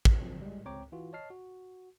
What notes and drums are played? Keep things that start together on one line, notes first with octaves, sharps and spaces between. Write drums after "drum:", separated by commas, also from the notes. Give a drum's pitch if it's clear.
drum: kick
D3 F3 F#3 C4
G3 G#3
C#2 C4 C#5 G5 A#5 D6
E3 F4 F#4
C#5 D#5 A5 F6 C7
F#4